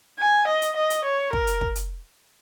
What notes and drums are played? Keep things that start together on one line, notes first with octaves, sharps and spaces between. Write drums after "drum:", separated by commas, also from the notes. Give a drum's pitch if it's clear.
G#5
D#5
drum: hi-hat
D#5
drum: hi-hat
C#5
A#4, drum: kick
drum: hi-hat
drum: kick
drum: hi-hat